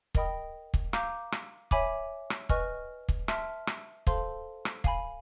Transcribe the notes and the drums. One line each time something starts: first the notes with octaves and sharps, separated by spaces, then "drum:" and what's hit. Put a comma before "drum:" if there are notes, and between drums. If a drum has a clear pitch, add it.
A#4 D#5 G5 B5 D#6, drum: kick
drum: kick
F5 A#5 D6 G6, drum: rim click
drum: rim click
C#5 E5 G#5 B5 D6, drum: kick
drum: rim click
B4 D#5 G#5 C#6 F6, drum: kick
drum: kick
E5 A5 C6 F6, drum: rim click
drum: rim click
A4 C5 F5 A5 C6, drum: kick
drum: rim click
F5 G#5 B5, drum: kick